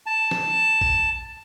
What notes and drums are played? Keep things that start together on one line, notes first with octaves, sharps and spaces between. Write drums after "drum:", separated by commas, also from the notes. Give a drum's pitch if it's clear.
A5
drum: snare
drum: kick A1